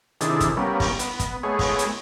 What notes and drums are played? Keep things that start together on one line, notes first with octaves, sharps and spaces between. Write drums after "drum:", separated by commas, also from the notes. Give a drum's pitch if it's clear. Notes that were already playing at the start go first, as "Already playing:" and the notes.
C3 D#3 D4 E4 G#4 A4, drum: hi-hat
drum: kick, hi-hat
G3 A#3 B3 C#4
drum: kick, open hi-hat
B3, drum: hi-hat
drum: kick, hi-hat
G#3 A3 B3 G#4 C#5
drum: kick, open hi-hat
drum: hi-hat